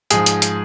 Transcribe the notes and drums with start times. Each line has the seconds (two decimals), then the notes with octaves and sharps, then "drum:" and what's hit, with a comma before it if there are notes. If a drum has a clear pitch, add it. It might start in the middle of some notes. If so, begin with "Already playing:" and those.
0.11 G#2 F3 G#4, drum: hi-hat
0.26 drum: hi-hat
0.42 drum: hi-hat